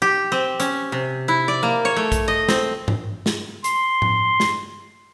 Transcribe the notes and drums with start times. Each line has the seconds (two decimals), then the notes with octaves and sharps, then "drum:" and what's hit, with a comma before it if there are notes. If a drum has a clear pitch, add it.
0.02 G4
0.32 C4
0.60 C#4, drum: hi-hat
0.92 C3
1.28 E4
1.48 D5
1.63 A#3
1.85 C#5
1.96 A3
2.12 drum: kick, hi-hat
2.28 D#5
2.48 C4, drum: snare
2.88 drum: tom G#2
3.26 drum: snare
3.64 C6, drum: hi-hat
4.02 drum: tom A2
4.40 drum: snare